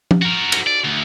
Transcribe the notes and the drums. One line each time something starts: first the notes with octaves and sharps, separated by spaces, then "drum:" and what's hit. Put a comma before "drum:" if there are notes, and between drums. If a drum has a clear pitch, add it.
drum: tom F3
F#4 A#4
drum: cymbal
D5
D2